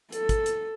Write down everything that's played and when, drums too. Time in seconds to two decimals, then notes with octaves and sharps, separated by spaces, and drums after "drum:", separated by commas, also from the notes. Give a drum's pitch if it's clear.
0.12 A4, drum: hi-hat
0.29 drum: kick, hi-hat
0.46 drum: hi-hat